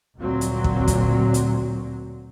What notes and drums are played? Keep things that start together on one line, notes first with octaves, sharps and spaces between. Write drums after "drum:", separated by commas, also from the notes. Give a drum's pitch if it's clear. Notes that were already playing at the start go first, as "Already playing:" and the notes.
D2 A#2 F#3 C4
drum: hi-hat
drum: kick
drum: kick, hi-hat
drum: hi-hat